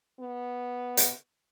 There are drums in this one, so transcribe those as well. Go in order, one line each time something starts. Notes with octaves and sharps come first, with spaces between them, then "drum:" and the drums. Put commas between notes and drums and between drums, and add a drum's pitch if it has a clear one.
B3
drum: hi-hat